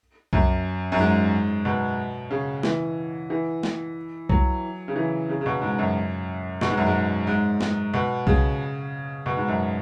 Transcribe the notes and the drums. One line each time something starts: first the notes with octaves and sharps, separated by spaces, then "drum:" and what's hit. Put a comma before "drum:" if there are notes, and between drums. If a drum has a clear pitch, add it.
F#2, drum: kick C2
F#2
G#2
B2
C#3
E3, drum: snare
E3
drum: snare
F#3, drum: kick C2
C#3
E3
C#3
C#3
B2
G#2
F#2
B2, drum: snare
G#2
F#2
G#2
G#2
drum: snare
B2
C#3, drum: kick C2
B2
G#2
F#2